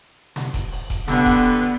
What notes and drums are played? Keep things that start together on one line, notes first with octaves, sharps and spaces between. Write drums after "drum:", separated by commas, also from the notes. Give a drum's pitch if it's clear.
drum: snare
drum: kick E1, hi-hat
drum: open hi-hat
drum: kick E1, hi-hat
G2 D3 B3, drum: snare
drum: kick E1, hi-hat
drum: hi-hat
drum: hi-hat